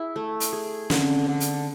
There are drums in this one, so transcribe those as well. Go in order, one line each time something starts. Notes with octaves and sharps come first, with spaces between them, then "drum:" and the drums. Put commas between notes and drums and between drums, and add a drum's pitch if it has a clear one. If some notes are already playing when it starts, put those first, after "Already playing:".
Already playing: E4 G#4
A3
drum: hi-hat
G#4
D3 C#4, drum: snare
C4
C#4
D3
drum: hi-hat